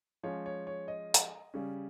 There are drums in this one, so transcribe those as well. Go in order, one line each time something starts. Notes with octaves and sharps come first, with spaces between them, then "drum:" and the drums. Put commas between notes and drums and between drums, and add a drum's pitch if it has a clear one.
F3 G#3 C#4 C#5
C#5
C#5
D#5
drum: hi-hat
C#3 G3 C#4